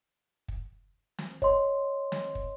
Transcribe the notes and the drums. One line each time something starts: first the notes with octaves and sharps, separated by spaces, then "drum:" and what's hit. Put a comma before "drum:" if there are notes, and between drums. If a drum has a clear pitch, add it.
drum: kick
drum: snare
C#5 D#5 C6, drum: kick
drum: snare
drum: kick